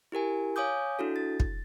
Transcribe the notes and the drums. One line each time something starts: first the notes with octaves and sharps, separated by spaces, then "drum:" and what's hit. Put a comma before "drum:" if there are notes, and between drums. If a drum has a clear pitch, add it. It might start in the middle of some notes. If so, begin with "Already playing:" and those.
E4 G4 A#4 G#5
C#5 F5 G#5 D6 D#6 G6
D4 E4 F#4 A4
A6
drum: kick